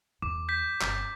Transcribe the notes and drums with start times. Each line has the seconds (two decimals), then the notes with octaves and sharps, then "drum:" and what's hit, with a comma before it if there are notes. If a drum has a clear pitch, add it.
0.22 E2 D6
0.49 G6 B6
0.81 G1 C#4, drum: clap